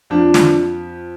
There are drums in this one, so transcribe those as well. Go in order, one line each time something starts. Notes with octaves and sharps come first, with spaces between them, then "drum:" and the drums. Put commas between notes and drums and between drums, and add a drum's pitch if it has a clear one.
F2 F3 D4
drum: snare